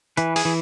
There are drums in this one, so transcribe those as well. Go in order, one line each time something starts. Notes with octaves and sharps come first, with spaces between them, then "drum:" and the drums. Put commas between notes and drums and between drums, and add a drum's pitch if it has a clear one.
E3 B4, drum: hi-hat
G#4, drum: open hi-hat
E3